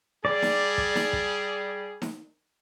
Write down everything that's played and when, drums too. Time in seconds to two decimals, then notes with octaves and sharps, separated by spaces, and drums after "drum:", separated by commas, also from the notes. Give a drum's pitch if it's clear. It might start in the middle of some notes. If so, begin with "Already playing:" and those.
0.25 G3 G#4 D5
0.42 drum: snare D#4
0.78 drum: kick
0.95 drum: snare D#4
1.13 drum: kick
2.02 drum: snare D#4